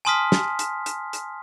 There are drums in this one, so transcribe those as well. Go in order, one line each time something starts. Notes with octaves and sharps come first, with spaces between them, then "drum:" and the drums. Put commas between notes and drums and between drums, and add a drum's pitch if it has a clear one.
G#5 A5 C6 D#6 F6 B6
drum: snare
drum: hi-hat
drum: hi-hat
drum: hi-hat